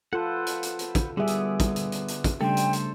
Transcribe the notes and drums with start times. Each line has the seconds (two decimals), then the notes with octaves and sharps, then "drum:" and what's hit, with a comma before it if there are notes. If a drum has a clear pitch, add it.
0.13 F4 A4 B4 C5 F#5
0.47 drum: hi-hat
0.63 drum: hi-hat
0.79 drum: hi-hat
0.95 drum: kick, hi-hat
1.17 D3 G3 B3 G#4 D5 E5
1.27 drum: hi-hat
1.60 drum: kick, hi-hat
1.76 drum: hi-hat
1.92 drum: hi-hat
2.08 drum: hi-hat
2.24 drum: kick, hi-hat
2.41 C#3 G3 A3 D4 A4 C5 G5
2.57 drum: hi-hat
2.73 drum: hi-hat